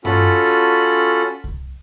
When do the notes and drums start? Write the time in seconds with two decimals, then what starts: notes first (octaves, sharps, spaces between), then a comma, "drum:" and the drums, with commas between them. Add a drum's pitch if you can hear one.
0.05 C#4 F4 F#4 A4 B5, drum: tom G2
0.46 drum: hi-hat
1.44 drum: kick C2